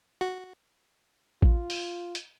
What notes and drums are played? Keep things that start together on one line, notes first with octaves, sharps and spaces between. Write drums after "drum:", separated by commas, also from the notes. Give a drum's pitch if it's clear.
F#4
F4, drum: kick A1
drum: open hi-hat
drum: hi-hat